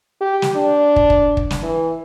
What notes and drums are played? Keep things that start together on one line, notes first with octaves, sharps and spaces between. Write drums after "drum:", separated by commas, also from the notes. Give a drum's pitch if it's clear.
G4
drum: snare
D4
drum: kick
drum: kick
drum: kick
drum: snare
E3